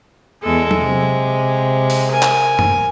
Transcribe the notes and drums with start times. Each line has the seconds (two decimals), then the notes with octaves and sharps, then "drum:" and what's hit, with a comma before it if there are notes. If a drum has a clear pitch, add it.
0.43 E2 G#3 A4
0.71 drum: tom F#3
0.81 C3
1.90 drum: open hi-hat
2.11 A#4 G#5
2.22 drum: clap
2.59 drum: tom F#2